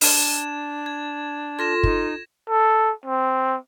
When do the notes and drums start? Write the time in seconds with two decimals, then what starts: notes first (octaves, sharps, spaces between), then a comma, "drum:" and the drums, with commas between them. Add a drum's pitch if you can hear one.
0.01 D4 G#6 E7, drum: open hi-hat
0.86 G#6
1.59 F4 A4 C6 G#6 A#6 E7
1.83 D#4, drum: kick
2.49 A4
3.06 C4